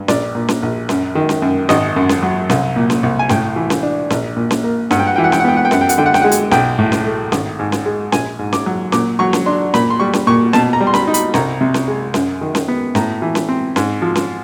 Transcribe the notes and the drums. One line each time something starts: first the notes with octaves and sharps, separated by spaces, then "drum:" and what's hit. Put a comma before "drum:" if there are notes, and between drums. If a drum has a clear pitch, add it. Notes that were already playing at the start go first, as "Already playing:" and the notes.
Already playing: G2
A#1 D5, drum: snare C#4
A#2
drum: snare C#4
A#1
F#2, drum: snare C#4
D#3
drum: snare C#4
F#2
G#1 D#5, drum: snare C#4
F#2
drum: snare C#4
F#3
C2, drum: snare C#4
A#2
drum: snare C#4
C2
G#5
A2 G5, drum: snare C#4
E3
drum: snare C#4
D4
A#1, drum: snare C#4
A#2
drum: snare C#4
A#3
G2 F#5, drum: snare C#4
G5
F#5
E3 G5
F#5
G5, drum: snare C#4
F#5
B3 G5
F#5
G5
F#2 F#5, drum: snare C#4
G5
F#5, drum: hi-hat
D3 G5
F#5
G5, drum: snare C#4
G#3 F#5
drum: hi-hat
B1 G5, drum: snare C#4
A2
drum: snare C#4
A3
G#1, drum: snare C#4
G#2
drum: snare C#4
G#3
A#1 G#5, drum: snare C#4
G#2
D6, drum: snare C#4
F#3
A#2 D6, drum: snare C#4
F#3 C#6
drum: snare C#4
D4 C6
A#2 B5, drum: snare C#4
C6
G3 C#6
drum: snare C#4
A#2 C#6
B2 A5, drum: snare C#4
A#5
G3
C6
B5, drum: snare C#4
D#4
B5, drum: hi-hat
C2 A#5, drum: snare C#4
C3
drum: snare C#4
G#3
F#2, drum: snare C#4
D#3
drum: snare C#4
B3
A2 A#5, drum: snare C#4
E3
drum: snare C#4
C4
G#2, drum: snare C#4
F3
drum: snare C#4